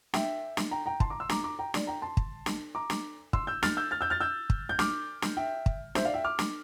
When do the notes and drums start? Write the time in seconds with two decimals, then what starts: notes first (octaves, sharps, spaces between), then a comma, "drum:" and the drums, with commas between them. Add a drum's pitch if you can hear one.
0.14 E5 G5, drum: snare
0.57 drum: snare
0.71 G5 A#5
0.86 G5 A#5
1.00 A5 C6, drum: kick
1.10 A#5 D6
1.20 C6 E6
1.29 A#5 D6, drum: snare
1.44 A#5 D6
1.59 G5 A#5
1.74 D5, drum: snare
1.87 G5 A#5
2.02 A5 C6
2.17 drum: kick
2.46 drum: snare
2.75 A#5 D6
2.90 drum: snare
3.33 C6 E6, drum: kick
3.47 E6 G6
3.63 F6 A6, drum: snare
3.77 E6 G6
3.91 F6 A6
4.01 E6 G6
4.10 F6 A6
4.20 E6 G6
4.50 drum: kick
4.69 G6
4.79 D6 F6, drum: snare
5.22 drum: snare
5.37 E5 G5
5.66 drum: kick
5.95 C5 E5, drum: snare
6.04 D5 F5
6.14 E5 G5
6.24 D6 F6
6.39 drum: snare